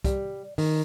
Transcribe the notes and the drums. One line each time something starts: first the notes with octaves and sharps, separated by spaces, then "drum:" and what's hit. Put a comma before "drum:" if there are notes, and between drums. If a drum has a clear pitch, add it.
G3, drum: kick, hi-hat
D#3, drum: open hi-hat